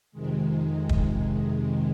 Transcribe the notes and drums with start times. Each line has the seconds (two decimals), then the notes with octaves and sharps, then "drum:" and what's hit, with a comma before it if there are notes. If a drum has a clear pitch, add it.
0.12 F2 C3 D#3 G#3
0.89 drum: kick